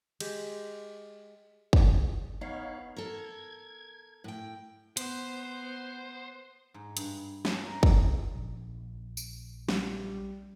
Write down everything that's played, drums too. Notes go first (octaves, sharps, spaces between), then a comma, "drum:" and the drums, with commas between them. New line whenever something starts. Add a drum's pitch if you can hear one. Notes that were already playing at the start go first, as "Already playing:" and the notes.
G#3 G4, drum: cymbal
drum: kick
B3 D#4 C#5 F5
A4 A#4 G#6
A2 G5
B3 C5, drum: hi-hat
G#2
G2, drum: hi-hat
C#4, drum: snare
A#4
drum: kick
A#1
drum: tambourine
G3, drum: snare